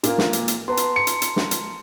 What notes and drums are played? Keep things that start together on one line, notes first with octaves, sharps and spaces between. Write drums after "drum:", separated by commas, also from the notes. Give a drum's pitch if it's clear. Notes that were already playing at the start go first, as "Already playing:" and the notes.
A#2 A#3, drum: hi-hat
drum: snare
drum: hi-hat
drum: hi-hat
B3 A5 A#5 C6
drum: hi-hat
C#7
drum: hi-hat
drum: hi-hat
drum: snare
drum: hi-hat